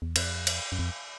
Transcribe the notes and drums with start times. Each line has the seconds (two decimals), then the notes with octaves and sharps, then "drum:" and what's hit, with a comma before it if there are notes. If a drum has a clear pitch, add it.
0.02 E2
0.16 F2, drum: cymbal
0.47 drum: cymbal
0.72 F#2
0.79 F2